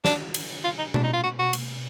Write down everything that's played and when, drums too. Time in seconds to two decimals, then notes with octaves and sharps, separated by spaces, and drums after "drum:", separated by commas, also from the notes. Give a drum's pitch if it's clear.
0.05 D4, drum: snare
0.34 drum: cymbal
0.64 F4
0.78 D#4
0.94 D4, drum: tom B2
1.04 D#4
1.13 F4
1.23 F#4
1.39 F#4
1.53 drum: cymbal